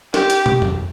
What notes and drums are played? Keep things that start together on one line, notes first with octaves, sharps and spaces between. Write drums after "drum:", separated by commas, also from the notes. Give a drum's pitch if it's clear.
G4, drum: snare
drum: hi-hat
drum: tom
drum: tom F2